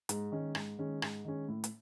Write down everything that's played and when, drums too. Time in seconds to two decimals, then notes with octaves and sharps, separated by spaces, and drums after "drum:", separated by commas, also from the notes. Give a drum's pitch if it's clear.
0.09 G#2, drum: hi-hat
0.32 D#3 G#3 C#4
0.55 G#2, drum: rim click
0.78 D#3 G#3 C#4
1.02 G#2, drum: rim click
1.25 D#3 G#3 C#4
1.48 A2
1.64 drum: hi-hat